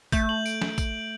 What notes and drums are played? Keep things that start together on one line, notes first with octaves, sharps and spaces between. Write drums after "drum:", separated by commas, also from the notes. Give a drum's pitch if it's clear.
A3 G6, drum: kick A1, tambourine
F#7
D7, drum: tambourine
drum: snare
drum: kick A1, tambourine